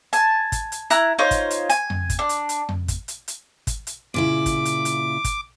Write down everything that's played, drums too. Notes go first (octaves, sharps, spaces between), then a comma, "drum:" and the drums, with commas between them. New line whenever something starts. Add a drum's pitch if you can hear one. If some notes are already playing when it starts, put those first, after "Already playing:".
G#5 A5, drum: hi-hat
drum: kick, hi-hat
drum: hi-hat
E4 A#5 F#6, drum: hi-hat
D#4 F4 C5 C#5
drum: kick, hi-hat
drum: hi-hat
G#5, drum: hi-hat
drum: tom F2
drum: kick, hi-hat
D4
drum: hi-hat
drum: hi-hat
drum: tom F2
drum: kick, hi-hat
drum: hi-hat
drum: hi-hat
drum: kick, hi-hat
drum: hi-hat
A#2 C#3 E4 D6
drum: kick, hi-hat
drum: hi-hat
drum: hi-hat
drum: kick, hi-hat